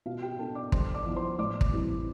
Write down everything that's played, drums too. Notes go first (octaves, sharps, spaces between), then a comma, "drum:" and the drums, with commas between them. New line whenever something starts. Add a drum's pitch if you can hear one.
B2 F4 F5
G4 G5
B3 D4 A4 A5
D5 D6
G2 C5 C6, drum: kick
D5 D6
F3 B3 E4
C5 C6
A2 D5 D6
drum: kick
E3 G3 C4 E4